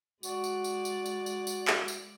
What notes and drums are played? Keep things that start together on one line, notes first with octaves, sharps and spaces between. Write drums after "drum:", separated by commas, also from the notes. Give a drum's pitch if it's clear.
G#3 F#4 D5, drum: tambourine
drum: tambourine
drum: tambourine
drum: tambourine
drum: tambourine
drum: tambourine
drum: tambourine
drum: clap
drum: tambourine